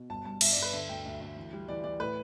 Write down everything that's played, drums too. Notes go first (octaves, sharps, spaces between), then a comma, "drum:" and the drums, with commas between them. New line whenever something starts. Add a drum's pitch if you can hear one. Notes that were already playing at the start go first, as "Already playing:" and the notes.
Already playing: B2
G1 A5
G2 A5
G2 E5, drum: cymbal
D5
G1 B4
D3 E5
D2 G5
D2
D2
E3
G3
E3 D5
E3 D5
A2 B4